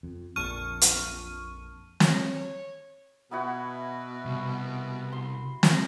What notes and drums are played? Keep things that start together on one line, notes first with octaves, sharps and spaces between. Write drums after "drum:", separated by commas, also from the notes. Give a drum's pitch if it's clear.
F2
A#1 F2 A5 C#6 F6 D#7
drum: hi-hat
C#5, drum: snare
B2 B3 E4 F#4
C2
C6
drum: snare